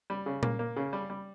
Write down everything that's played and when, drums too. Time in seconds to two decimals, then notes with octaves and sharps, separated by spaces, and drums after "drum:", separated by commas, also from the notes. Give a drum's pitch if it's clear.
0.10 G3
0.26 C#3
0.43 A#3, drum: tom A#2
0.59 A#3
0.76 C#3
0.93 G3
1.10 G3